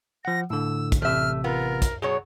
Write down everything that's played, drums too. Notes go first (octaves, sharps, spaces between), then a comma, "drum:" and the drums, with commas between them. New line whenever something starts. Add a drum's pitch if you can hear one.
F3 F#5 A#6
A2 D3 E6
drum: kick, hi-hat
A1 C3 A3 E5 F6
B3 F4 A#4
drum: kick, hi-hat
B2 F#3 G#4 C#5